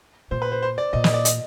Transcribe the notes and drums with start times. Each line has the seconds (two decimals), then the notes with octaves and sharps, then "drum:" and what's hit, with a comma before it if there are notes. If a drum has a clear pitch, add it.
0.31 A#2 C5
0.42 B4
0.52 C5
0.62 C5
0.78 D5
0.93 A#2 D#5
1.04 D#5, drum: snare
1.14 D5
1.25 D#5, drum: hi-hat